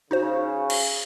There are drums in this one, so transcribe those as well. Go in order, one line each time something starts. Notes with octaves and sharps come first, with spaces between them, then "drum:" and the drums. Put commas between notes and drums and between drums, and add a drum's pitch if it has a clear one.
C#3 D#4 F#4 C5
drum: cymbal